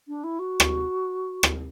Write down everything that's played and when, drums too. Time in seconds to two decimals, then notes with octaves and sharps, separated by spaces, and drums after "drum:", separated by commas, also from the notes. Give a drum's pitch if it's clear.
0.08 D4
0.24 E4
0.39 F#4
0.60 drum: rim click
1.43 drum: rim click